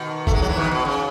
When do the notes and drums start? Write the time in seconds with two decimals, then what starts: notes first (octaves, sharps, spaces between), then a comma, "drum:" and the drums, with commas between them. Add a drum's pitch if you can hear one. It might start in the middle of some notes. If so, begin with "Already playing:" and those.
Already playing: B2 D#3
0.27 A3, drum: kick G#1
0.34 G#3
0.42 F#3
0.49 E3
0.56 B2 D#3
0.71 B2
0.85 C#3